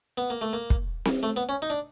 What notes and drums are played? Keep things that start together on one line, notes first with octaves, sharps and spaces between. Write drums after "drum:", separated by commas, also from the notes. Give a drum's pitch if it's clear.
B3
A#3
A3
A#3
drum: kick
drum: snare C4
A3
B3
C#4
D#4
D4